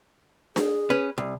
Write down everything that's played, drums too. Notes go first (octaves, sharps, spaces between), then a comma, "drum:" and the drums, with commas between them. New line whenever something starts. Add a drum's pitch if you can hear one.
G#4, drum: snare D4
C#4 B4
C2